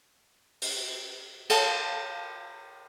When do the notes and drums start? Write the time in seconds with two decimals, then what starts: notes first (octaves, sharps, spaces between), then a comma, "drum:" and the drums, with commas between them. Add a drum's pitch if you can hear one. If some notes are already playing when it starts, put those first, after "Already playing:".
0.62 drum: open hi-hat
1.50 A4 C5 F5 A5, drum: cymbal